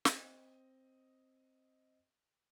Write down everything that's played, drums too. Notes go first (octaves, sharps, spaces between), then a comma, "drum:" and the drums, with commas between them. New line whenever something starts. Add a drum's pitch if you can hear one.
C4 D#5, drum: snare